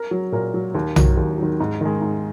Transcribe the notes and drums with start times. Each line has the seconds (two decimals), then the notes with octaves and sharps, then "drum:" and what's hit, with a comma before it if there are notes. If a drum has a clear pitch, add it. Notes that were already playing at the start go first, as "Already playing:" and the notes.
Already playing: A#4
0.11 F#3
0.32 A#2 A#4
0.54 F#3
0.75 D#2
0.96 D#3 F#3, drum: tom B1
1.17 D#2
1.38 D#3 F#3
1.60 G#2
1.81 D#3 G#3
2.01 G#2